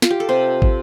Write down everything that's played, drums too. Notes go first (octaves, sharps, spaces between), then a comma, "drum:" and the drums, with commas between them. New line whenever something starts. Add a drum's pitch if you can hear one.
F4, drum: snare
G4
A4
C3 C5
drum: kick